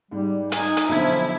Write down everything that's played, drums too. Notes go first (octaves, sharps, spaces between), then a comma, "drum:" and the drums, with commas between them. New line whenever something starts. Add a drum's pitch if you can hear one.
G#2 G3
D#4 G#5, drum: hi-hat
drum: hi-hat
B1 D3 F3 E4 G#6